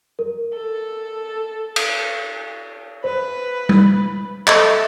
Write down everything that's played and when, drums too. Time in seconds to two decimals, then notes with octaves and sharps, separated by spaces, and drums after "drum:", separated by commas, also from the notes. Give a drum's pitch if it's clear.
0.19 A#4
0.54 A4
1.76 drum: cymbal
3.04 B4 C5
3.69 drum: tom
4.47 A4 D#5, drum: clap
4.65 E5